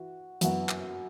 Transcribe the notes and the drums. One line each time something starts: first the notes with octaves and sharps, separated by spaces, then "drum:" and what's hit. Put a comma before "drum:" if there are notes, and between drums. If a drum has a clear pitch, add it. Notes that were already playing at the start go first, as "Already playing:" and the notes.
Already playing: E3 F#4
F#2 E3 B3 F#4, drum: hi-hat
drum: clap